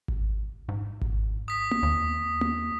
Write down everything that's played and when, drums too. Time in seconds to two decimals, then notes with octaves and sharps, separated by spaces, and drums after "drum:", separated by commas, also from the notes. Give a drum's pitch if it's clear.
0.08 drum: kick G#1
0.68 G#2
1.01 drum: kick G#1
1.48 D#6 B6
1.71 drum: tom A#3
1.83 D#2
2.41 drum: tom A#3